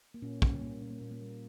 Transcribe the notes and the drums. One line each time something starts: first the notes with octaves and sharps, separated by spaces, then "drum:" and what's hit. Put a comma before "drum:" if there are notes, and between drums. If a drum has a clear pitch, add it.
A#3
A#2 C#4
G3 C#4, drum: kick
A#3
A#2 C#4
A#3
A#2 C#4
A#3
G3